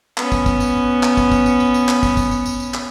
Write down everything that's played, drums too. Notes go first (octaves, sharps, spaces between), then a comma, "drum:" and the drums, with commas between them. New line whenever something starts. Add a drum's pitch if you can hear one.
B3 C#4, drum: clap
drum: kick, tambourine
drum: kick, tambourine
drum: tambourine
drum: clap
drum: kick, tambourine
drum: kick, tambourine
drum: tambourine
drum: tambourine
drum: tambourine
drum: clap
drum: kick, tambourine
drum: kick, tambourine
drum: tambourine
drum: tambourine
drum: tambourine
drum: clap